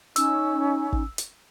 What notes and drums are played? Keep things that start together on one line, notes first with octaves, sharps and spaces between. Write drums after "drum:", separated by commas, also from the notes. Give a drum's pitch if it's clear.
C#4 D#4 E6, drum: hi-hat
drum: kick
drum: hi-hat